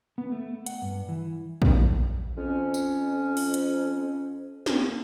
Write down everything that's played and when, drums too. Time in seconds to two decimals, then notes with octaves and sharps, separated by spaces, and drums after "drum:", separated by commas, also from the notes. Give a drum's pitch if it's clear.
0.18 B3
0.32 A3
0.66 F#5, drum: hi-hat
0.82 G2
1.09 E3
1.62 drum: kick
2.38 F2 C#4
2.74 drum: tambourine
3.37 drum: open hi-hat
3.54 drum: hi-hat
4.66 drum: snare